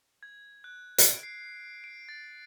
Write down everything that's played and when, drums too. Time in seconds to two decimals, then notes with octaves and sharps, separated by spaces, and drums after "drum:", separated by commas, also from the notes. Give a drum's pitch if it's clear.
0.23 G#6
0.64 F#6
0.98 D7, drum: hi-hat
1.23 C7
1.84 D7
2.09 A6